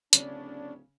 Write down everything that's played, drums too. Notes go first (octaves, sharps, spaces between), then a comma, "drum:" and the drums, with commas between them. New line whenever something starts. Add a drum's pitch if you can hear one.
D1 C#3 C#4 D4, drum: hi-hat